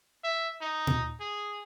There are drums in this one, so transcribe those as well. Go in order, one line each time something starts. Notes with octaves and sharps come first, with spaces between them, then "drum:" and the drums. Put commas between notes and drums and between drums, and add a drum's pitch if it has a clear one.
E5
D#4
drum: tom A#2
G#4